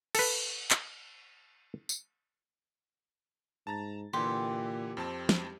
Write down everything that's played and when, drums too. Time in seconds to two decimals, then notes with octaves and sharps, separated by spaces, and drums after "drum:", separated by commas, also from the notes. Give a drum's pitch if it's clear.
0.15 A4 B4, drum: cymbal
0.71 drum: clap
1.89 drum: tambourine
3.67 G#2 A5 A#5 A6
4.13 A#2 D3 E3 G4 C6
4.97 F2 C4 A5
5.29 drum: snare